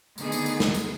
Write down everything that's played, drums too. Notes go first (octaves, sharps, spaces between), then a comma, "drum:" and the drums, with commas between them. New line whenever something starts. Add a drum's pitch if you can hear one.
D3 D#3 A3 B3 D#4 G#4, drum: tambourine
drum: tambourine
drum: tambourine
drum: snare
drum: tambourine